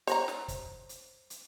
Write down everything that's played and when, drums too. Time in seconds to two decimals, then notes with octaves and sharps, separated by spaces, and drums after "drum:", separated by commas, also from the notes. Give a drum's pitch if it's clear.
0.07 C5 C#5 A#5, drum: hi-hat
0.28 drum: snare
0.48 drum: kick, hi-hat
0.89 drum: hi-hat
1.30 drum: hi-hat